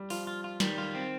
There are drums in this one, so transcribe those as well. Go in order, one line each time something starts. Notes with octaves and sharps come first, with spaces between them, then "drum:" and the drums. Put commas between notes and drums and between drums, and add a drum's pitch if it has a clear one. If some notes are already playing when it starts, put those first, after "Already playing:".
Already playing: G3
F3 F4, drum: open hi-hat
F4
F4
D#3 G3, drum: snare
F4
C4